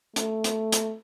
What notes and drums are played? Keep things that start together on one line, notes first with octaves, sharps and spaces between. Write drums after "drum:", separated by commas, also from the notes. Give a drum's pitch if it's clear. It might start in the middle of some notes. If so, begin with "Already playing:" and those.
A3, drum: hi-hat
drum: hi-hat
drum: hi-hat